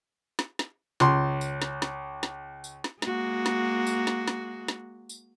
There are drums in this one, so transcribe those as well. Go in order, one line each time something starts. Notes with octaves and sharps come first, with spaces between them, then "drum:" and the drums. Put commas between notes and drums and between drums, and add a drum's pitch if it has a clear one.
drum: snare
drum: snare
C#2 C6, drum: snare
drum: tambourine
drum: snare
drum: snare
drum: snare
drum: tambourine
drum: snare
G#3 A#3 F#4, drum: snare
drum: snare
drum: tambourine
drum: snare
drum: snare
drum: snare
drum: tambourine